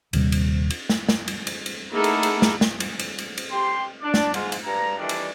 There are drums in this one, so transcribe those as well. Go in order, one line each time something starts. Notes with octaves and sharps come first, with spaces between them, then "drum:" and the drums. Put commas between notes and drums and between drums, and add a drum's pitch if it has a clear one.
D#1 D#2 C3 G3, drum: cymbal
drum: cymbal
drum: cymbal
drum: snare
drum: snare
drum: cymbal
drum: cymbal
drum: cymbal
A3 A#3 D#4 E4 G#4 A4 F#5
drum: cymbal
drum: cymbal
drum: snare
drum: snare
drum: cymbal
drum: cymbal
drum: cymbal
drum: cymbal
G4 C6
D4 D5
drum: snare
G#2 F4, drum: cymbal
drum: cymbal
G2 A#5
D#3 E3 G3 A3 D4
drum: cymbal